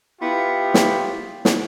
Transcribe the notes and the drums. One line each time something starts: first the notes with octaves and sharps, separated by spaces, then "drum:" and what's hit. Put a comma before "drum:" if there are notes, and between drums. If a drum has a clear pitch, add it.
B3 E4 F4 G4
drum: snare
drum: snare